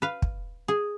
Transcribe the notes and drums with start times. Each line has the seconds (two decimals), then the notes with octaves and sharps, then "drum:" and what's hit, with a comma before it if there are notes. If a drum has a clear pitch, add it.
0.02 B4 F5
0.22 drum: kick
0.68 G#4